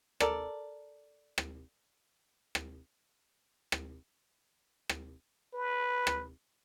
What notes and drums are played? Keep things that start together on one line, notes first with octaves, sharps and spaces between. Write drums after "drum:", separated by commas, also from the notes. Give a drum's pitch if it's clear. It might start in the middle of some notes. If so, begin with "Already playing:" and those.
A4 A#4 D5, drum: rim click
drum: rim click
drum: rim click
drum: rim click
drum: rim click
B4
drum: rim click